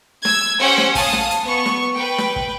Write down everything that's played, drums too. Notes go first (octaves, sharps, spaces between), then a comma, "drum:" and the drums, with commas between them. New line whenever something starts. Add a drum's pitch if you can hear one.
E6 G#6, drum: snare
C#4 G4 C5 F#5 G5
drum: snare
F5 G#5 A5 D#6, drum: kick, open hi-hat
drum: snare
drum: hi-hat
B3 C#6
drum: snare
B4 G5
drum: snare
drum: kick